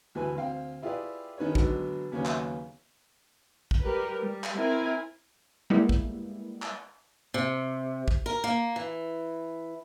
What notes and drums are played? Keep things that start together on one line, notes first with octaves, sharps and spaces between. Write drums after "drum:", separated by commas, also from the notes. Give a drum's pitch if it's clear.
D2 B2 E3 B4 G#5
D2 C4 F5 G5
E4 F4 G4 G#4 B4 D5
D#3 C#4 B4 C#5
B2 D3 F#3 G#3 B3, drum: kick
D#2 C#3 F#3 B3 C#4
drum: clap
drum: kick
G3 G4 A#4 B4
G3
drum: clap
C4 E4 A#4 G#5
G3 G#3 A#3 B3 E4
drum: kick
drum: clap
C3
drum: kick
A#4
A#3
E3